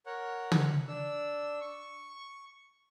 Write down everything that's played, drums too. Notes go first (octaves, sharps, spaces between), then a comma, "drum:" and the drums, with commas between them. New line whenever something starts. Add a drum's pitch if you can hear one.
A#4 C#5 F#5
drum: tom
D4 E6
C#6